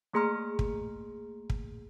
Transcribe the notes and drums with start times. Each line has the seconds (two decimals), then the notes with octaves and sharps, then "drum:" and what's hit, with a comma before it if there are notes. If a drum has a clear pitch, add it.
0.14 A3 A#3 G#4 A#5 C6 F6
0.59 drum: kick
1.50 drum: kick